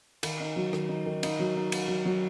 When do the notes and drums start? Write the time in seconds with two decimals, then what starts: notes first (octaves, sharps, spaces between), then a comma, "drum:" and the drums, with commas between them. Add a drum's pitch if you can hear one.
0.23 D#3, drum: cymbal
0.40 D#4
0.56 F#3
0.73 D#3, drum: rim click
0.89 D#4
1.06 D#3
1.23 D#4, drum: cymbal
1.39 F#3
1.56 D#4
1.72 D#4, drum: cymbal
1.88 F#3
2.05 F#3